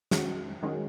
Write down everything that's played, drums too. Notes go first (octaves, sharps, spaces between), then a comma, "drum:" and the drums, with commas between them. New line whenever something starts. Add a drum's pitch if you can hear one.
D#3 G#3 C#4 F#4, drum: snare
D#3 G#3 C#4 F#4